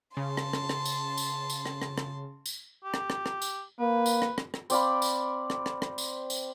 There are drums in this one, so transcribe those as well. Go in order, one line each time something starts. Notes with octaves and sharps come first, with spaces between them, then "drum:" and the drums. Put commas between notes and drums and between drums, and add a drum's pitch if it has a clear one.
C#3 A5 C6
drum: rim click
drum: rim click
drum: rim click
drum: tambourine
drum: tambourine
drum: tambourine
drum: rim click
drum: rim click
drum: rim click
drum: tambourine
G4
drum: rim click
drum: rim click
drum: rim click
drum: tambourine
A#3 B4
drum: tambourine
drum: rim click
drum: rim click
drum: rim click
C4 D5 F5 B5, drum: tambourine
drum: tambourine
drum: rim click
drum: rim click
drum: rim click
drum: tambourine
drum: tambourine